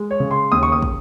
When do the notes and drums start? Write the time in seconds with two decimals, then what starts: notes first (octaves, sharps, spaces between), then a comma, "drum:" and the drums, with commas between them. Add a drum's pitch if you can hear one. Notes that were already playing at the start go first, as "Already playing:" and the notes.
Already playing: G#3
0.11 C#5
0.20 C#3
0.31 C6
0.52 D#2 D#6
0.63 C#6
0.72 D#6
0.82 drum: kick